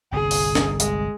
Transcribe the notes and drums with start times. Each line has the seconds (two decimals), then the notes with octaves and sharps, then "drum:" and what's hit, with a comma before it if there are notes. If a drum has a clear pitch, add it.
0.12 G1 C2 A#2 G#4
0.31 drum: open hi-hat
0.55 drum: snare
0.80 G#3, drum: hi-hat